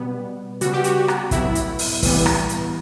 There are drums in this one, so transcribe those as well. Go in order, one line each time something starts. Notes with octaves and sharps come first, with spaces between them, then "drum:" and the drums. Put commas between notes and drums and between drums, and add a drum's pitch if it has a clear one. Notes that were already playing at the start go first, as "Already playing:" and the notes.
Already playing: B2 G3 B3
C#3 G3 B3 F#4, drum: hi-hat
G4
F#4, drum: hi-hat
F#4
drum: rim click
A2 F#3 B3 E4, drum: kick, hi-hat
drum: hi-hat
drum: open hi-hat
A2 E3 G3 B3, drum: kick, open hi-hat
drum: rim click
drum: hi-hat